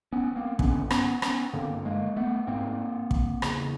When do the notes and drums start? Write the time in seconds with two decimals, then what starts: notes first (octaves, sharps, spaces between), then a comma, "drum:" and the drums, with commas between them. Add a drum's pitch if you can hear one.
0.13 B3 C#4
0.36 A#3 C4
0.59 G2 D3 B3 C#4, drum: kick
0.90 B3 C#4, drum: rim click
1.22 B3 C#4, drum: rim click
1.54 G2 D3 A#3 C4
1.85 G#3 A#3
2.16 A3 B3
2.47 G#2 A#3 C4
3.11 drum: kick
3.42 E2 C#3, drum: rim click